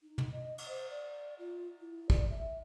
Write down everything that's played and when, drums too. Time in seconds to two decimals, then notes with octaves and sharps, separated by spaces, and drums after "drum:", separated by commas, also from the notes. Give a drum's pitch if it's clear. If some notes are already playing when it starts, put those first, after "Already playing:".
0.03 D#4
0.18 drum: tom
0.32 D#5
0.58 drum: cymbal
0.68 C5
0.90 D5
1.39 F4
1.80 E4
2.10 D5, drum: kick
2.30 E5